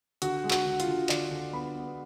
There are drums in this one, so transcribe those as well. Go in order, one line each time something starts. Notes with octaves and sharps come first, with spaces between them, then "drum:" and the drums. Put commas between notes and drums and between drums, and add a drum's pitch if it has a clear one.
D3 F#4, drum: hi-hat
G#3
F#4, drum: clap
D3
F4, drum: hi-hat
D3
D3 D5, drum: clap
D3
B3 B5
B3